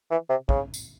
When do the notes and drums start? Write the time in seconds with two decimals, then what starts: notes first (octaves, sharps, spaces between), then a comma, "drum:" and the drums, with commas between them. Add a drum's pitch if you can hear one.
0.11 E3
0.30 C3
0.49 C#3, drum: kick
0.74 drum: tambourine